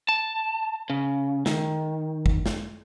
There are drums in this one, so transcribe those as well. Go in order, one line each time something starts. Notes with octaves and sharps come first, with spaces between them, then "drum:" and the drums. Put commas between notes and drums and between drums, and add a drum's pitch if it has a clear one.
A5
C#3
D#3, drum: snare
drum: kick
drum: snare